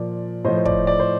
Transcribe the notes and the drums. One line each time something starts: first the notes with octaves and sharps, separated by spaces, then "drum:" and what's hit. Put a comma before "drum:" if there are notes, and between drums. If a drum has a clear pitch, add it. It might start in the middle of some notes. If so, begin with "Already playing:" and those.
Already playing: A#2 F3 D5
A2 F3 C5 D#5
C5
D5, drum: kick
D5
C5